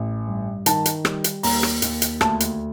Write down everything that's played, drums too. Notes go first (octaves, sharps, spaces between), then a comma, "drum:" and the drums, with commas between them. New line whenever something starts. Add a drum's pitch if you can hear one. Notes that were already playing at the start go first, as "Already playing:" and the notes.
Already playing: A1
G2
D#3 A5, drum: hi-hat
drum: hi-hat
G3, drum: rim click
drum: hi-hat
D#2 A#5, drum: open hi-hat
drum: rim click
D#2, drum: hi-hat
drum: hi-hat
D2 A5, drum: rim click
drum: hi-hat